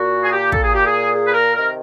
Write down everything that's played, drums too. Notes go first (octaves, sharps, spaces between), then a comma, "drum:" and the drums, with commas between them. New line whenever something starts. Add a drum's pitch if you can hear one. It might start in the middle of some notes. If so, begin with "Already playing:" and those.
Already playing: A#2 F#4
G#4
G4
A4, drum: kick
G#4
G4
G#4
G#4
B4
A#4
C3 D#3 A#4